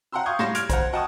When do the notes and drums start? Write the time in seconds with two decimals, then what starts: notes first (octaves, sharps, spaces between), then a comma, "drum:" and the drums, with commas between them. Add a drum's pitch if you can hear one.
0.12 F#5 G5 A#5 C6 E6
0.26 F5 C#6 D#6 G6 G#6
0.39 A2 G3 F5 C6 A#6 E7, drum: rim click
0.55 F6 G#6 D7 F7, drum: hi-hat
0.69 C5 F#5, drum: kick A#1, hi-hat
0.93 D#5 F#5 G5 A5 C#6 D#6